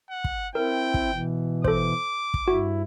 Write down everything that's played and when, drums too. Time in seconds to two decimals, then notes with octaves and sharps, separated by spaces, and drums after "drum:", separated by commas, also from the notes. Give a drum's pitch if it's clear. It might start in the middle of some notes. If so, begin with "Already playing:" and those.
0.10 F#5
0.24 drum: kick
0.55 C4 E4 A#4 G5
0.94 drum: kick
1.12 B2 E3
1.64 A4 C5 D6, drum: kick
2.34 drum: kick
2.48 G2 E4 F#4